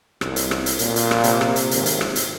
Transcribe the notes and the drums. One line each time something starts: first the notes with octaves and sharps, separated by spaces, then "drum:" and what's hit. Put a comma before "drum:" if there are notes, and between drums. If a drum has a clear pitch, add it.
C2, drum: rim click
drum: hi-hat
drum: rim click
drum: hi-hat
A#2, drum: hi-hat
drum: hi-hat
drum: rim click
C3, drum: hi-hat
drum: rim click
drum: hi-hat
G#1, drum: hi-hat
drum: hi-hat
drum: rim click
drum: hi-hat